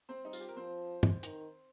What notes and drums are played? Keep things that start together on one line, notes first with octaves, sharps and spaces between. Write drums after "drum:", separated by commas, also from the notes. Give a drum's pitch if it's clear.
C4 C5
G3 D#4
F4, drum: tambourine
G4
A#4
F3 C4 C5
drum: tom
D#3, drum: hi-hat